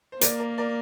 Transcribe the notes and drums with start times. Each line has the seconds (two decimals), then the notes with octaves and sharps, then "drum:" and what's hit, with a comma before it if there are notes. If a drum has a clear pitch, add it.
0.12 C5
0.21 A#3 A#4 D5, drum: hi-hat
0.40 A#4 D5
0.58 A#4 D5